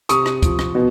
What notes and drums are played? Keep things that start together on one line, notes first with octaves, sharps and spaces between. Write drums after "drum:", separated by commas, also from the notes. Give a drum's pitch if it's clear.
C3 C#6 D#6, drum: hi-hat
drum: rim click
F3, drum: kick, hi-hat
drum: rim click
B2